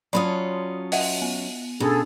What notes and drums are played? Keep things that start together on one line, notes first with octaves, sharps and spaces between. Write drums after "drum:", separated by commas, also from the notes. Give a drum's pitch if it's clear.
F#3 C#4 F4 D5 A5 B5 C6 D#6
D#5 E5 F#5, drum: open hi-hat
B3
B2 C#4 D4 G#4 A4